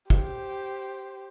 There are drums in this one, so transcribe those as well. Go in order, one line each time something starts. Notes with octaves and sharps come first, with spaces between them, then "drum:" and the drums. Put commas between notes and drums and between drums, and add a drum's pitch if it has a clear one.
G4 C5, drum: kick